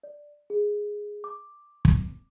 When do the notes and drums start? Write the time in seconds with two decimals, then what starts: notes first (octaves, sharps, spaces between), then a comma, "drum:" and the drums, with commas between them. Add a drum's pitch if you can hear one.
0.03 D5
0.50 G#4
1.24 D6
1.85 drum: kick